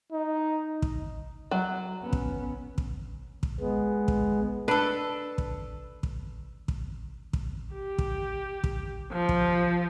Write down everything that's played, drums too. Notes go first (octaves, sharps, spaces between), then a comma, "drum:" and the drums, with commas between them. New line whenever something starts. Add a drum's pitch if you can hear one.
D#4
drum: kick
F#3
B3 C#4
drum: kick
drum: kick
drum: kick
G#3 B3
drum: kick
D4 A4 B4
drum: kick
drum: kick
drum: kick
drum: kick
G4
drum: kick
drum: kick
F3
drum: kick